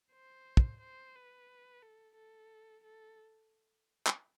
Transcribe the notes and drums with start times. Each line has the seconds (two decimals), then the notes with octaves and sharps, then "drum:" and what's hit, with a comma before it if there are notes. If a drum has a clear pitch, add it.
0.13 C5
0.57 drum: kick
0.81 C5
1.15 B4
1.82 A4
2.15 A4
2.84 A4
4.07 drum: clap